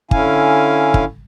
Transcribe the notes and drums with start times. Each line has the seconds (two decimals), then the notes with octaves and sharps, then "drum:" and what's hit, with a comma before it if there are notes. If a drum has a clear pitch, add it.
0.11 D3 C#4 E4 F5 G#5, drum: kick
0.94 drum: kick